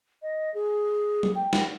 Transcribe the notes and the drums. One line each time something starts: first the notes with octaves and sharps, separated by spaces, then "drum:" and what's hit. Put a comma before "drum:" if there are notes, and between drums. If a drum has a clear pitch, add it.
D#5
G#4
drum: tom F#3
G5
drum: snare